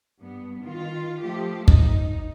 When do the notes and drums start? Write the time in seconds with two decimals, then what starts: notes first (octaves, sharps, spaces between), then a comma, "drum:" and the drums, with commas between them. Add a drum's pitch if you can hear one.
0.20 G2 B3
0.63 D#3 F4
1.23 F3 A3 G4
1.68 D#4, drum: kick